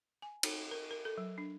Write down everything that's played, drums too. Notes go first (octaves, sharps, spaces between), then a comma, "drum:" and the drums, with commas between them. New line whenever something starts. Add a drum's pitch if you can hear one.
G#5
D#4, drum: cymbal
A#4
A#4
A4
F#3
D4